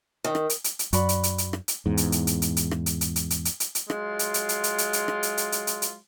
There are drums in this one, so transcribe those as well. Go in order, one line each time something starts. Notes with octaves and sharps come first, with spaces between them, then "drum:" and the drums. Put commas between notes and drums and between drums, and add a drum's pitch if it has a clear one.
D#3
drum: rim click
drum: hi-hat
drum: hi-hat
drum: hi-hat
F#2 F#4 D5 B5, drum: hi-hat
drum: hi-hat
drum: hi-hat
drum: hi-hat
drum: rim click
drum: hi-hat
E2 G#2
drum: hi-hat
drum: hi-hat
drum: hi-hat
drum: hi-hat
drum: hi-hat
drum: rim click
drum: hi-hat
drum: hi-hat
drum: hi-hat
drum: hi-hat
drum: hi-hat
drum: hi-hat
drum: hi-hat
F#3 G#3 F4, drum: rim click
drum: hi-hat
drum: hi-hat
drum: hi-hat
drum: hi-hat
drum: hi-hat
drum: hi-hat
drum: rim click
drum: hi-hat
drum: hi-hat
drum: hi-hat
drum: hi-hat
drum: hi-hat